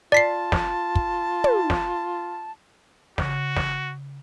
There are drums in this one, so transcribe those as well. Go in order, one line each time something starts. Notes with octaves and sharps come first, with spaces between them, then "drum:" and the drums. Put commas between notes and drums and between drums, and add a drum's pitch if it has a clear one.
F4 D5 A5 B6 C7
drum: snare
drum: kick
drum: tom
drum: snare
C#3 F#4, drum: snare
drum: snare